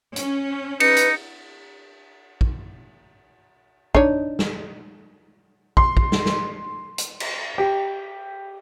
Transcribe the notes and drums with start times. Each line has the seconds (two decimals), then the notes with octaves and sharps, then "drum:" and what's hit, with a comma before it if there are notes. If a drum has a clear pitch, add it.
0.16 C#4, drum: hi-hat
0.80 D#4 B4 C#7, drum: cymbal
0.97 drum: hi-hat
2.41 drum: kick
3.95 D4 D#4 C#5, drum: kick
4.39 drum: snare
5.77 C6, drum: kick
5.97 drum: kick
6.12 drum: snare
6.26 drum: snare
6.98 drum: hi-hat
7.20 drum: cymbal
7.58 G4